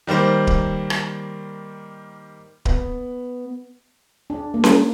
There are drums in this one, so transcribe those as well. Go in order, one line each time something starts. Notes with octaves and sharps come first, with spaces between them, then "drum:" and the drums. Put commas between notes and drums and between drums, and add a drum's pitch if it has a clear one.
D#3 G3 A#3 C5
drum: kick D1
drum: rim click
B3, drum: kick D1
D4
A#3
drum: snare C#4